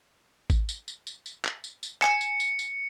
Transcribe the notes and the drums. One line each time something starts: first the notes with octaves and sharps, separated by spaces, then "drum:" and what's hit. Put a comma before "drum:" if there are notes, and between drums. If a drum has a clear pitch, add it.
drum: kick G#1, tambourine
drum: tambourine
drum: tambourine
drum: tambourine
drum: tambourine
drum: clap
drum: tambourine
drum: tambourine
G#5 C#7 E7, drum: clap
drum: tambourine
drum: tambourine
drum: tambourine